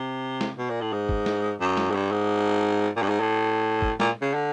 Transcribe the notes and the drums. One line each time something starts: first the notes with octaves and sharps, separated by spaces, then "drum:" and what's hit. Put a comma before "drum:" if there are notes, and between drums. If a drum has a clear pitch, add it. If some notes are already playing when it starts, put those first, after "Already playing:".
Already playing: C3
drum: snare
B2
A#2
A2
G#2
drum: kick
drum: snare
F#2
drum: snare
G#2
G2
G#2
A#2
G2
G#2
A2
drum: kick
A#2, drum: snare
C#3
D3